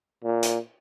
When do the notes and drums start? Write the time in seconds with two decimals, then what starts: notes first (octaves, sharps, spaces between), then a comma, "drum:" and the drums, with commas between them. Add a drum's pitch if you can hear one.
0.24 A#2
0.43 drum: hi-hat